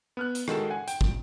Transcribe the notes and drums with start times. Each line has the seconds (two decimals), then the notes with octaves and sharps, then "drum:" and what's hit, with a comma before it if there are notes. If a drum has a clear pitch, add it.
0.17 B3 F6 F#6
0.35 drum: hi-hat
0.48 D#3 G#3 F#4 A4 E7, drum: rim click
0.70 F#5 G#5
0.88 G5, drum: hi-hat
1.01 drum: kick